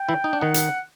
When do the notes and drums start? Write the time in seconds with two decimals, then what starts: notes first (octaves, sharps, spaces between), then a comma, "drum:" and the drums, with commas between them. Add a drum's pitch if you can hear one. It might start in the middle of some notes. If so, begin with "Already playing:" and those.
Already playing: G5
0.09 E3 E4
0.24 D#4
0.33 D4
0.40 D#3 D#4 F#5
0.54 drum: hi-hat